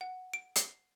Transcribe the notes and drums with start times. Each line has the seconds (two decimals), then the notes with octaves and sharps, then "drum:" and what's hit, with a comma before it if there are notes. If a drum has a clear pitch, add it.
0.01 F#5
0.34 D7
0.56 C7, drum: hi-hat